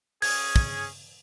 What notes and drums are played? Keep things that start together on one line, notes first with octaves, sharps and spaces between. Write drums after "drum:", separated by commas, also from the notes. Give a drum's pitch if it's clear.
C#4 G#4 G#6, drum: open hi-hat
drum: kick